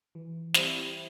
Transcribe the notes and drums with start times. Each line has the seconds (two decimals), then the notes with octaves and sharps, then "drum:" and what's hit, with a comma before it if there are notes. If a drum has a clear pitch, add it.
0.15 E3
0.54 G3 C4 E4, drum: snare